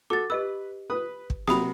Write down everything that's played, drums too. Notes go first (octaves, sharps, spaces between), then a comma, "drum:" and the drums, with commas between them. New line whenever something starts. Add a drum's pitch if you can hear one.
F#4 A4 D6 A6
G4 B4 D#5 E6
B4 D#6
drum: kick
C3 F#3 B5 D#6, drum: snare A#3